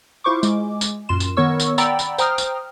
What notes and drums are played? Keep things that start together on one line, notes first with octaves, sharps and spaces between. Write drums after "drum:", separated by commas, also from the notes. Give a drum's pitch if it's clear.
E4 F4 C5 C#6 D6
G#3 D6, drum: tambourine
drum: tambourine
F#2 A#2 C6 E7
drum: tambourine
D#3 B3 A#4 C#5 C#6 E6
drum: tambourine
D5 F#5 G5 A#5 B5 E6, drum: tambourine
drum: tambourine
C5 G5 A#5 D#6 F6, drum: tambourine
drum: tambourine